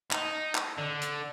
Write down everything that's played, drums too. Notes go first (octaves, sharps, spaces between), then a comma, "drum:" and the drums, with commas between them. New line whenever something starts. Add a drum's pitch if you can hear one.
D#4, drum: clap
drum: clap
D3
drum: hi-hat